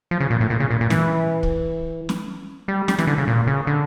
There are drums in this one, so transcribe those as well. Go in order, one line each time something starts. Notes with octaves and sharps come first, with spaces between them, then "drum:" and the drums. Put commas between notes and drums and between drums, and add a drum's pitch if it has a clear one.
F3
C#3
A#2
A2
A#2
C#3
A#2
A#2
E3, drum: snare
drum: kick
drum: snare
G3
G3, drum: snare
E3, drum: snare
D3
C#3
A#2
C#3
D3